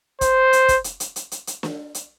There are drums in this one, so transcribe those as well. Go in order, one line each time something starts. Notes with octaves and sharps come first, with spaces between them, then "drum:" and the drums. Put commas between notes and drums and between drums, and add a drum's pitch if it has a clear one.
C5, drum: kick, hi-hat
drum: hi-hat
drum: kick, hi-hat
drum: hi-hat
drum: hi-hat
drum: hi-hat
drum: hi-hat
drum: hi-hat
drum: snare
drum: hi-hat